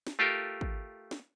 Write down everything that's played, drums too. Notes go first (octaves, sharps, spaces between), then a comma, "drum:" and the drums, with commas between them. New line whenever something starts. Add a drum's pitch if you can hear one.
drum: snare
A3 F4 G4 A4 A#4
drum: kick
drum: snare